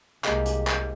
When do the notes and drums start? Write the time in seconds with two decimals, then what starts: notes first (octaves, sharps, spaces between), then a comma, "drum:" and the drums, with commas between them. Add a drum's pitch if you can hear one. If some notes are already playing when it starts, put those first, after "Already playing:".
0.24 C2 G#3 A#3 G4, drum: clap
0.46 drum: hi-hat
0.67 drum: clap